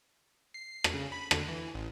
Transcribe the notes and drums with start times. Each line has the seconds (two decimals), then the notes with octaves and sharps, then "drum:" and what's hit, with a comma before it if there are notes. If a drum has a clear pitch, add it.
0.54 C7
0.84 drum: rim click
0.94 C#3
1.12 B5
1.31 D3, drum: rim click
1.48 E3
1.74 A1